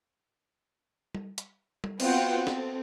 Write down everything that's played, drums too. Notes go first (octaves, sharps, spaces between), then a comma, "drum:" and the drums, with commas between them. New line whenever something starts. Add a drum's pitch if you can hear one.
drum: tom G3
drum: hi-hat
drum: tom G3
B3 C4 F4 F#4 F#5 G5, drum: cymbal
C4 A4, drum: snare